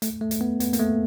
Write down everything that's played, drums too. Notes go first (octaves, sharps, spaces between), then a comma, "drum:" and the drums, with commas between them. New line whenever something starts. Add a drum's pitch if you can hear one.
A3, drum: hi-hat
A3
drum: hi-hat
B3
B3, drum: hi-hat
A#3, drum: hi-hat
A3